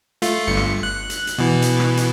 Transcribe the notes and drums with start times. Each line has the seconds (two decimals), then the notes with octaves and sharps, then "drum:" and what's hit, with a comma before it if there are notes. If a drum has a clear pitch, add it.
0.22 A3 F4, drum: hi-hat
0.47 G1 G2 C#7
0.57 drum: rim click
0.83 F#6
1.10 drum: hi-hat
1.27 drum: hi-hat
1.38 B2 E3
1.62 drum: hi-hat
1.80 drum: rim click
1.97 drum: hi-hat